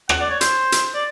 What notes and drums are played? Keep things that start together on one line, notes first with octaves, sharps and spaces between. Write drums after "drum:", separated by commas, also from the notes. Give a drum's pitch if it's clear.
F#5, drum: rim click
D5
C#5
C5, drum: hi-hat
drum: hi-hat
D5